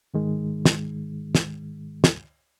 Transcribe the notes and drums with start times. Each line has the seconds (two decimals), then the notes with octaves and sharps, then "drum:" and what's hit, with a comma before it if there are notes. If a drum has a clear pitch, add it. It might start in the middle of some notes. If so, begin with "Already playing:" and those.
0.14 G#2 D#3 G#3
0.65 drum: snare
1.35 drum: snare
2.04 drum: snare